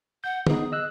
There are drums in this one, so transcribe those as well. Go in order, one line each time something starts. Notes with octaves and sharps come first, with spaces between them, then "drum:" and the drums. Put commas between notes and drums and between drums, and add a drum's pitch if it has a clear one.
F#5 G6
B3 D#4 G#4, drum: tom
D#5 E6 F#6